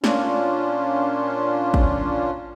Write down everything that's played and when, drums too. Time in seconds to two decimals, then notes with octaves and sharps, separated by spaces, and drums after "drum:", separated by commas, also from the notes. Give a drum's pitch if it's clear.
0.04 A#2 A#3 C#4 D4 F4, drum: snare
1.74 drum: kick